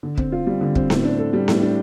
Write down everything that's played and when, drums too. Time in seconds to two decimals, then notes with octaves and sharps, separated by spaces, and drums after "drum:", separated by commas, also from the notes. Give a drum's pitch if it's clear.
0.03 D3
0.18 C4, drum: kick
0.32 F4
0.47 G3
0.61 D3
0.75 C4, drum: kick
0.90 A2, drum: snare B3
1.04 D4
1.19 A4
1.33 G3
1.48 A2, drum: snare B3
1.62 D4